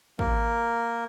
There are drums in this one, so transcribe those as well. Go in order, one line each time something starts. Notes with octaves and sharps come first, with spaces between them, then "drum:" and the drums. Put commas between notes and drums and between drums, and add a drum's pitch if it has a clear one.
A#3 A#4, drum: kick